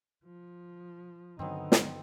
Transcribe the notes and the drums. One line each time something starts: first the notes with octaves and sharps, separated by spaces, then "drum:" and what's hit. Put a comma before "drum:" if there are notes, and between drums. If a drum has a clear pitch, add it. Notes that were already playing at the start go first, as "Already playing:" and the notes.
F3
G2 D3 D#3 F#3 B3 C4 D#4
drum: snare